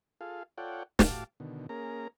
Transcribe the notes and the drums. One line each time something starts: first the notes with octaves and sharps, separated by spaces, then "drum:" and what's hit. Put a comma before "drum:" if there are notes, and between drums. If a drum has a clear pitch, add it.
F4 G#4 A4 F5
F4 A4 C#5 D5 F#5 G5
A2 F#4 G4 F5 A5 D6, drum: snare
B2 D3 D#3
A#3 C#4 G#4 A#4 A#5